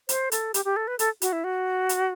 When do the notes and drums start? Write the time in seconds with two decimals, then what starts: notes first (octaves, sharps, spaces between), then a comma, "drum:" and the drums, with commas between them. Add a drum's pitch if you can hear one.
0.09 C5, drum: hi-hat
0.32 A4, drum: hi-hat
0.54 G4, drum: hi-hat
0.65 G4
0.76 A4
0.88 B4
0.99 A4, drum: hi-hat
1.22 F#4, drum: hi-hat
1.33 E4
1.44 F#4
1.89 drum: hi-hat